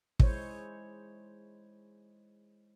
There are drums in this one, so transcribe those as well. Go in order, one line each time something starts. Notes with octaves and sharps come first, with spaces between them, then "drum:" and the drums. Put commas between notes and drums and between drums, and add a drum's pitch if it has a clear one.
G#3 E4 C5 C#5, drum: kick